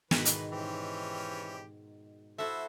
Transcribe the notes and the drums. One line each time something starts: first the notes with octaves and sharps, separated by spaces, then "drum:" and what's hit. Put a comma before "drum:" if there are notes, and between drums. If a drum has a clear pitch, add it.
G#2 B2 D#3 E3 B4, drum: snare
drum: hi-hat
E3 C4 C#4 G4
E4 F#4 A4 C5 E5